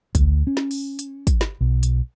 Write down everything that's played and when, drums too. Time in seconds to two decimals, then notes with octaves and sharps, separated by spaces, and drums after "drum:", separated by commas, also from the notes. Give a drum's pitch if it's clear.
0.15 D2, drum: kick, hi-hat
0.47 C#4
0.57 drum: snare
0.71 drum: open hi-hat
0.99 drum: hi-hat
1.27 drum: kick, hi-hat
1.41 drum: snare
1.61 B1
1.83 drum: hi-hat